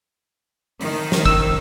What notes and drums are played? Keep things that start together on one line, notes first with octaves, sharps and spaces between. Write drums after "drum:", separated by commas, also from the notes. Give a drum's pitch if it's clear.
D#3, drum: open hi-hat
drum: snare
E6, drum: kick